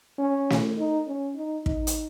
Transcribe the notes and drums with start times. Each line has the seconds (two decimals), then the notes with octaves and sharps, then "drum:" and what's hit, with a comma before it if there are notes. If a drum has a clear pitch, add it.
0.19 C#4
0.50 drum: snare
0.78 D#4
1.08 C#4
1.36 D#4
1.66 D#4, drum: kick
1.87 drum: hi-hat